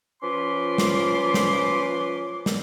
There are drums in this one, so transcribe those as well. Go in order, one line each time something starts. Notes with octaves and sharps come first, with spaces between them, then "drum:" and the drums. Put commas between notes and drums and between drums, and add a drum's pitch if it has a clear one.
F3 C#4 F4 B4 C6 D6
drum: snare
drum: snare
drum: snare